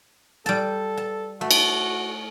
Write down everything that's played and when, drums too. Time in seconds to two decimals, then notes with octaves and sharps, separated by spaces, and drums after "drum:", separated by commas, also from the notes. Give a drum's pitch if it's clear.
0.46 G3 A4 A5
0.97 A5
1.41 A3 F#4
1.51 drum: cymbal